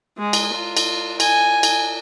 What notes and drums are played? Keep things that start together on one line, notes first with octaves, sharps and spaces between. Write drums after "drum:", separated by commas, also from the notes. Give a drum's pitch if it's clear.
G#3
drum: cymbal
F4
drum: cymbal
G#5, drum: cymbal
drum: cymbal